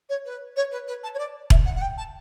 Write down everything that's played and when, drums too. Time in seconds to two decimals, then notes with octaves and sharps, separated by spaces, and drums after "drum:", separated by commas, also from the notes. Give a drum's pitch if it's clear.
0.09 C#5
0.25 B4
0.56 C#5
0.71 B4
0.87 B4
1.03 A5
1.14 C#5
1.18 D5
1.50 E5, drum: kick E1
1.65 F#5
1.76 F#5
1.81 G5
1.97 A5